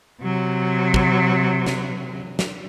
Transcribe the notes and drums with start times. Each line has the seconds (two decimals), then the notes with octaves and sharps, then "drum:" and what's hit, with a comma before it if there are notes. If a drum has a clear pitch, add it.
0.22 C3 F#3
0.94 drum: kick
1.66 drum: snare
2.39 drum: snare